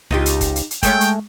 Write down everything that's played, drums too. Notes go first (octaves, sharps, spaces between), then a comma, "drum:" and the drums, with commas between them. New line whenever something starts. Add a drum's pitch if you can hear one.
C#2 D#4 F4 G4, drum: snare D4
drum: hi-hat
drum: kick, hi-hat
drum: hi-hat
drum: hi-hat
G#3 A3 C#5 F5 G5, drum: kick, hi-hat
drum: hi-hat